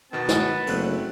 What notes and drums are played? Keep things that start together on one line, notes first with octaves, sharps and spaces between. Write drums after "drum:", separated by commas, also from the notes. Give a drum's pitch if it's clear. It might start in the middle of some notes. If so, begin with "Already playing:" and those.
B2 D#3 B3 A5
drum: snare
F#1 A3 C4 F#6, drum: cymbal